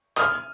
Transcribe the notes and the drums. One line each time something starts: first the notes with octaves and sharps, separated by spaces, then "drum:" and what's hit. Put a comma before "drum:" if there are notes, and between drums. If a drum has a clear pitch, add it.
D#6 F6, drum: clap